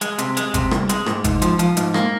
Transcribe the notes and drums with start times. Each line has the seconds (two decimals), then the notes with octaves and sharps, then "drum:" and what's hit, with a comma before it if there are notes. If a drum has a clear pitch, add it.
0.01 G#3, drum: hi-hat
0.18 C3, drum: hi-hat
0.37 G#3, drum: hi-hat
0.54 C3, drum: kick G#1, hi-hat
0.71 C2, drum: rim click
0.89 G#3, drum: hi-hat
1.06 G#2, drum: rim click
1.24 G#2, drum: kick G#1, hi-hat
1.42 F3, drum: hi-hat
1.59 F3, drum: hi-hat
1.77 G#2, drum: hi-hat
1.94 A#3, drum: rim click